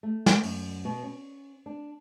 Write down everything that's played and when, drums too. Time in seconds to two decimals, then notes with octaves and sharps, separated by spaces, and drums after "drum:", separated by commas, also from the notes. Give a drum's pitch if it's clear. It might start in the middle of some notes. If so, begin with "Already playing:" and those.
0.03 A3
0.26 drum: snare
0.43 F#2, drum: open hi-hat
0.85 B2
1.03 C#4
1.66 D4